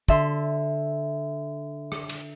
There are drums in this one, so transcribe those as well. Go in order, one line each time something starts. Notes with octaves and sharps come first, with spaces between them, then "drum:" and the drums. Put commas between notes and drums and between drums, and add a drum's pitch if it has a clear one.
D3 E5 C6, drum: kick
drum: rim click
drum: cymbal